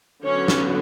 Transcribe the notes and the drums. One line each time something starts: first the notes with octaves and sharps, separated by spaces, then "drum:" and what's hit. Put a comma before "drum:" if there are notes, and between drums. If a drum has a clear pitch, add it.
D3 F#3 B3 C#4 C#5
drum: snare